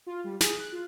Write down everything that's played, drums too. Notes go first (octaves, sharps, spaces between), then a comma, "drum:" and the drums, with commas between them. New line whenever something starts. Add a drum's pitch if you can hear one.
F4
G3
G#4, drum: snare
F#6
F4